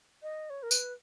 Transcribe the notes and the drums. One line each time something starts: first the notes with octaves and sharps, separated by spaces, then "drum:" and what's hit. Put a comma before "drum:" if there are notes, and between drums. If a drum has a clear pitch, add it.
D#5
C#5
A#4
B4, drum: tambourine